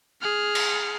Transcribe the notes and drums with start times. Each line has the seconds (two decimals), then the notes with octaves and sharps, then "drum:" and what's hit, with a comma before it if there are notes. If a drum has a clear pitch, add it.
0.22 G#4 F6
0.55 drum: cymbal